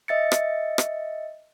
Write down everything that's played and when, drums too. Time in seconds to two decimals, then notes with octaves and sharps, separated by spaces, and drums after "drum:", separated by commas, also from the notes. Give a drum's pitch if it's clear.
0.08 D#5 E5 A6 C#7
0.32 drum: rim click
0.78 drum: rim click